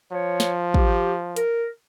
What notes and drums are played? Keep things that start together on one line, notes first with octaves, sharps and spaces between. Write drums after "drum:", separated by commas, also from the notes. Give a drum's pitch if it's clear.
F3 C#5
drum: snare
G4, drum: kick
A#4, drum: hi-hat